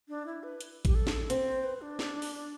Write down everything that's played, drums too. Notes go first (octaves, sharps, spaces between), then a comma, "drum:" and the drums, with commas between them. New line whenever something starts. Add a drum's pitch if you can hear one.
D4
E4
B4
drum: hi-hat
G4, drum: kick A1, hi-hat
A4
drum: snare
C4, drum: hi-hat
C5
C5
B4
D4
drum: snare
drum: open hi-hat